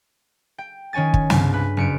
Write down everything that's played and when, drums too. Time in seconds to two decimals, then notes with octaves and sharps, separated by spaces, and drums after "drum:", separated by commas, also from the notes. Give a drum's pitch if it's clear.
0.58 G5
0.93 D#3 C#4 C#5 G#5 A6
1.14 drum: kick
1.30 C2 G2 C#3, drum: snare
1.54 B4
1.77 F#1 C#7 D7